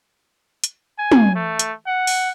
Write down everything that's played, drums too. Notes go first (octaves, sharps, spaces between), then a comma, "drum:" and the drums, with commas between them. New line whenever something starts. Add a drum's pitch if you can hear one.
drum: hi-hat
G#5
drum: tom
A3
drum: hi-hat
F#5
drum: open hi-hat